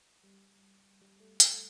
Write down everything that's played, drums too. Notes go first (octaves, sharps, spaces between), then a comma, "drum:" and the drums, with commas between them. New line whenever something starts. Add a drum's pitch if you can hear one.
G3
G3
A3
A4, drum: hi-hat